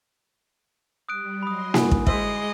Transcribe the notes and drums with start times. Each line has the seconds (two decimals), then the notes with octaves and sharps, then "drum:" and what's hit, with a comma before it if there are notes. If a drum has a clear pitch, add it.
1.09 G3 D#6 F#6 D7
1.43 F#3 D#5 B5 C6 D#6
1.74 G#2 D3 G3 E4 F#4 G#5, drum: snare A#3
1.91 drum: kick
2.07 G#3 C5 D#5 E5 C6 D6, drum: kick